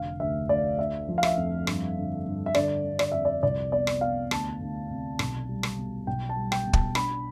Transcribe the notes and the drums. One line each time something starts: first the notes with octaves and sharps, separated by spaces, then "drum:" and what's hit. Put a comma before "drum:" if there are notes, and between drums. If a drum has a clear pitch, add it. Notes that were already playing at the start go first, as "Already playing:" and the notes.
Already playing: F1 D3 F5
D2 E5
D2 D5
D3 E5
F3
F5
E5, drum: rim click
F2
G2, drum: rim click
D3
G2
E5
D3 D5, drum: rim click
D3
D5, drum: rim click
F2 E5
D5
C2 D5
B3 D5
drum: rim click
B3 F5
D2 A5, drum: rim click
D2
C3
B1, drum: rim click
G3
drum: rim click
B2
B1 G5
A5
G3
G5, drum: rim click
B2
A5, drum: kick
D4 B5, drum: rim click